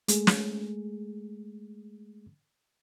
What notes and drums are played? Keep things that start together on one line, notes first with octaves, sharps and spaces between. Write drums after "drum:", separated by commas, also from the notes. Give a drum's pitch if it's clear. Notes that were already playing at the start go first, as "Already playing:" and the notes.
G#3 A3 G#4, drum: hi-hat
drum: snare